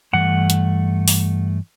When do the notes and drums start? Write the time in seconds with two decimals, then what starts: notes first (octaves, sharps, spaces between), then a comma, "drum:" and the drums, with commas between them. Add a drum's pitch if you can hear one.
0.13 G2 E3 A3 F#5
0.50 drum: hi-hat
1.08 drum: open hi-hat